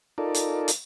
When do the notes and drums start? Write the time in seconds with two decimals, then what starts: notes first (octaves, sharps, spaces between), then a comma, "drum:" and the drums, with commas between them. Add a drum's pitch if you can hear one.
0.18 D#4 F4 A4 A#4 D5
0.34 drum: hi-hat
0.68 drum: hi-hat